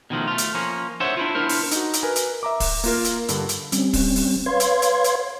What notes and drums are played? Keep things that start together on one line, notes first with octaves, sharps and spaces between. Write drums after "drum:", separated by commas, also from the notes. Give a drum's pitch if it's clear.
B2 D#3 F3 A3
A3 F4
drum: hi-hat
F3 A#3 C#4
D4 C5 C#5 E5 F#5 C6
D4 E4 F4
B3 D4 E4 A#4 C5
drum: open hi-hat
D#4 F#4, drum: hi-hat
drum: hi-hat
A#4 B4 G#5
drum: hi-hat
E5 A#5 D6
drum: kick, open hi-hat
A#3 F4 A#4, drum: open hi-hat
drum: hi-hat
G2 D3, drum: hi-hat
drum: hi-hat
G3 C4 C#4, drum: hi-hat
drum: kick, open hi-hat
drum: open hi-hat
B4 C#5 F5 C6 G#6
drum: hi-hat
drum: hi-hat
drum: hi-hat